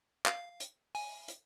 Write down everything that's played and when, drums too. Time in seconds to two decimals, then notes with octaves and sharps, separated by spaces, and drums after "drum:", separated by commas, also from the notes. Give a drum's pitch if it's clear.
0.26 F5, drum: clap
0.60 drum: hi-hat
0.95 G#5, drum: open hi-hat
1.28 drum: hi-hat